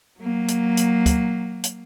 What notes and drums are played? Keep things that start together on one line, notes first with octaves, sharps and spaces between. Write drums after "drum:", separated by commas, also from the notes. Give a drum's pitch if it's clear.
F#3 A#3
drum: hi-hat
drum: hi-hat
drum: kick, hi-hat
drum: hi-hat